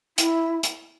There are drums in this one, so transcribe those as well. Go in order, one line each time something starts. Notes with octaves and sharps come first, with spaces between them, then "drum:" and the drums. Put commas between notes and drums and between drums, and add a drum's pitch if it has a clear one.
E4, drum: hi-hat
drum: hi-hat